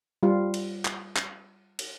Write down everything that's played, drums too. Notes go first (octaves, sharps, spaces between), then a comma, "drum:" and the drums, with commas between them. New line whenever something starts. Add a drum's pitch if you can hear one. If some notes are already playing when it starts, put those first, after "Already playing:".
G3 F4
drum: cymbal
drum: clap
drum: clap
drum: cymbal